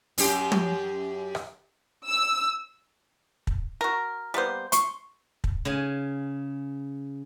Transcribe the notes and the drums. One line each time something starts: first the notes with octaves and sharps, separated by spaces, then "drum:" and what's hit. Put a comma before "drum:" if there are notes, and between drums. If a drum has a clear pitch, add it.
F#2 G4, drum: open hi-hat
drum: tom
drum: rim click
E6
drum: kick
F#4 A#4
G3 A#3 B3 C5
C6 C#6, drum: hi-hat
drum: kick
C#3 F5 G#5